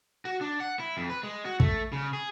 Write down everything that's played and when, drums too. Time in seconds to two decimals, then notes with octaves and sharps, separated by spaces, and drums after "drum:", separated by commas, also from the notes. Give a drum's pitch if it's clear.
0.25 F#4
0.41 D4
0.60 F#5
0.79 E4
0.97 F2
1.10 B4
1.23 G#3
1.45 F#4
1.60 A3, drum: kick
1.93 C#3
2.13 G#4